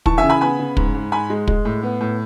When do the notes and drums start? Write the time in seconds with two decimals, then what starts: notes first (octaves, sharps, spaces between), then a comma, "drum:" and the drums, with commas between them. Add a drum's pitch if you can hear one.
0.06 E3 A5 C#6, drum: kick
0.17 E5 G#5
0.23 C#3
0.29 G#5 B5
0.41 B3 G#5 B5
0.59 C#3
0.77 G#2, drum: kick
0.94 G#2
1.12 G#2 G#5 B5
1.30 G#3
1.48 G#3, drum: kick
1.65 A2
1.83 B3
2.01 A2